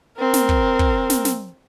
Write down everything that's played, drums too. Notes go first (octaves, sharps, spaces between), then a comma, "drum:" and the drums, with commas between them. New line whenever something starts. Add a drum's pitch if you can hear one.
C4 A#4
drum: snare
drum: kick
drum: kick
drum: snare
drum: snare